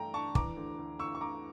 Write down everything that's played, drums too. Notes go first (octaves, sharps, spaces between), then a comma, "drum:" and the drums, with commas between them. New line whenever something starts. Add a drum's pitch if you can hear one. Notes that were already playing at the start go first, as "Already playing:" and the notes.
Already playing: G2 E3 A3 D4 G5 A#5
D4 A5 C#6
E3 A#5 D6, drum: kick
D2
D2
D2 C#6 E6
C#6
D2 A#5 D6